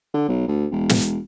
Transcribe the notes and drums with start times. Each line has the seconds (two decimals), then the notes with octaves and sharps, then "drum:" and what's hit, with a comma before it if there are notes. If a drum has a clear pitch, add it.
0.14 D3
0.29 B1
0.48 D2
0.72 E1
0.89 drum: snare